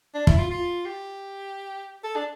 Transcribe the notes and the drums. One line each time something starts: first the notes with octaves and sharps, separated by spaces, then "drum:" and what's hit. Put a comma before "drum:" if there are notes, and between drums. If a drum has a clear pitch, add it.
D4
E4, drum: kick
F4
F4
G4
A4
D4